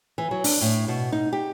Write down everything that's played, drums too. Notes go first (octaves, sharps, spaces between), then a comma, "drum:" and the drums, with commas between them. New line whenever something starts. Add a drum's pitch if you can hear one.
E3
F#3
D4, drum: open hi-hat
A2
B2
D#4
G4